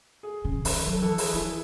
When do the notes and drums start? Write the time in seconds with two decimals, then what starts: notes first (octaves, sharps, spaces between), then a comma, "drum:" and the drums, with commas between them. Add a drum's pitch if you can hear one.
0.23 G#4
0.45 C#3
0.65 D#3, drum: open hi-hat
0.87 F#3 A4
1.02 E3 A4
1.18 G#4, drum: open hi-hat
1.33 E3 E4